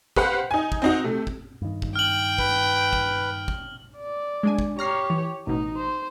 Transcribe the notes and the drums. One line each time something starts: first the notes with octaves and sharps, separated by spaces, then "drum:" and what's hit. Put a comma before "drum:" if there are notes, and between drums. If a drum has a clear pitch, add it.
G4 B4 C5 F5 F#5, drum: kick
D#4 G#5
drum: kick
C4 D#4 F#4
C3 A3
drum: kick
G2 D#3
drum: kick
G5 F6 F#7
B4, drum: kick
drum: kick
drum: kick
D5
G#3 D4 G#5
drum: kick
G4 C#5 A#5 F6 C7
E3
A1 B2 D#4
C5